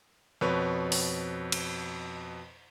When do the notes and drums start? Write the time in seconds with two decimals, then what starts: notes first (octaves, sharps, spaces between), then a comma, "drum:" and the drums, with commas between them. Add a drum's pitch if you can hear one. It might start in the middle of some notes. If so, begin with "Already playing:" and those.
0.41 F2 B2 B4 C#5
0.92 drum: open hi-hat
1.52 drum: cymbal